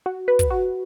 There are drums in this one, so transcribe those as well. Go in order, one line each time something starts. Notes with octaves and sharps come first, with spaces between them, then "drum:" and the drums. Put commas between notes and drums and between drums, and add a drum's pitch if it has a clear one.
F#4
B4
drum: kick, hi-hat
F#4